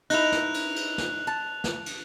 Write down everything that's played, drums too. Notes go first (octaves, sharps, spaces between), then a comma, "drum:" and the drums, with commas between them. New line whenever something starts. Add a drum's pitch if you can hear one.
D#4 E4 F#6 F7, drum: cymbal
drum: snare
drum: cymbal
drum: cymbal
drum: snare
A5
drum: snare
drum: cymbal